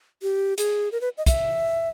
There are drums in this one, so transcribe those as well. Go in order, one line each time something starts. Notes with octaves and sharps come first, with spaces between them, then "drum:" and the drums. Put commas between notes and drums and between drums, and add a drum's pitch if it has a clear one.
G4
G#4, drum: hi-hat
A#4
B4
D#5
E5, drum: kick, hi-hat